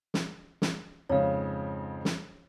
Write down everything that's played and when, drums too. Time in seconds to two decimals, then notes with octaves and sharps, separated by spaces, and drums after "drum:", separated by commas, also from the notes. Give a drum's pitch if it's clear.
0.14 drum: snare
0.62 drum: snare
1.09 F2 G#2 C#3 C#5 F5
2.05 drum: snare